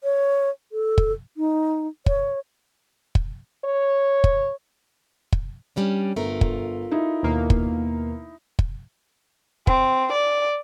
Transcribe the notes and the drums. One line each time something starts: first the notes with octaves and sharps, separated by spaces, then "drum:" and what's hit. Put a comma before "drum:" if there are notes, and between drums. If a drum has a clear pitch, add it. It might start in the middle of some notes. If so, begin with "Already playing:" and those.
C#5
A4
drum: kick
D#4
C#5, drum: kick
drum: kick
C#5
drum: kick
drum: kick
G3 C#4 D4
G1 A3 F4 A#4
drum: kick
D#4 E4
D#2 B2 A#3
drum: kick
drum: kick
C4, drum: kick
D5